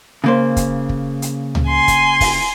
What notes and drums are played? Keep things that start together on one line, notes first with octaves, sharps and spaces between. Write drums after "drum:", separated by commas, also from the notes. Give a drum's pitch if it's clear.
C#3 A#3 C5
drum: kick, hi-hat
drum: kick
drum: hi-hat
drum: tom C#2
G#5 C6
drum: kick, hi-hat
drum: kick, open hi-hat